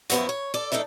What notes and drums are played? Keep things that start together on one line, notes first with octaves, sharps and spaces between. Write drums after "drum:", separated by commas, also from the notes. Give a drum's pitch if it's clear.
F#2 F3 B3 E4 F#4, drum: hi-hat
C#5
A4 D5
E3 A3 D4 D#4 A4